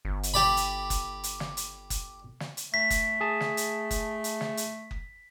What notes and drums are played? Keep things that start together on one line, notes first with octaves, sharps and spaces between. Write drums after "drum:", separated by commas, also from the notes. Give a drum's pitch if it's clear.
G1
drum: hi-hat
G4 D5 B5
drum: hi-hat
drum: kick F#1, hi-hat
drum: hi-hat
drum: snare
drum: hi-hat
drum: kick F#1, hi-hat
drum: snare
drum: hi-hat
A3 B6
drum: kick F#1, hi-hat
G#4 A5
drum: snare
drum: hi-hat
drum: kick F#1, hi-hat
drum: hi-hat
drum: snare
drum: hi-hat
drum: kick F#1